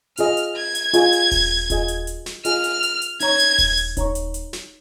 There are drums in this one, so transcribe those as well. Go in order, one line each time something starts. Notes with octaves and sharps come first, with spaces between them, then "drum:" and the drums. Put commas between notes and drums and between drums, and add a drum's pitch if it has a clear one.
F4 G#4 D#5 G#5 F6, drum: hi-hat
drum: hi-hat
G#6
drum: hi-hat
F4 G#4 D#5 G#5, drum: hi-hat
drum: hi-hat
drum: kick D#1, open hi-hat
F4 G#4 D#5 G#5, drum: kick D#1, hi-hat
drum: hi-hat
drum: hi-hat
drum: snare
F4 G#4 D#5 G#5 F6, drum: hi-hat
drum: hi-hat
drum: hi-hat
drum: hi-hat
D#4 C#5 A#5 C#6 G#6, drum: hi-hat
drum: hi-hat
drum: kick D#1, open hi-hat
drum: hi-hat
D#4 C#5 A#5 C#6, drum: kick D#1, hi-hat
drum: hi-hat
drum: hi-hat
drum: snare